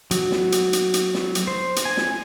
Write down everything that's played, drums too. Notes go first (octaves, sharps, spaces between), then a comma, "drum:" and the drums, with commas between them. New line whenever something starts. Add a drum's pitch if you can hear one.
F#3, drum: hi-hat
drum: snare
drum: hi-hat
drum: hi-hat
drum: hi-hat
drum: snare
drum: hi-hat
C5
drum: hi-hat
G#5
drum: snare